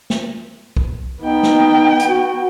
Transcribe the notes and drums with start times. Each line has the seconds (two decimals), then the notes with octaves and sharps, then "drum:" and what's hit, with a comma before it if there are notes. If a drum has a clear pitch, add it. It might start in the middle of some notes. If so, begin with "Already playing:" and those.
0.10 drum: snare
0.77 drum: kick B1
1.22 B3 D#4 G5
1.43 drum: snare
2.00 drum: hi-hat
2.09 F#4